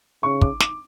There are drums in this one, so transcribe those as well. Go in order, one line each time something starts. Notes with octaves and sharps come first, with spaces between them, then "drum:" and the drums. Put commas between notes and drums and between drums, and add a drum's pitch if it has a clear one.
C#3 C#6
D6, drum: kick
D6, drum: snare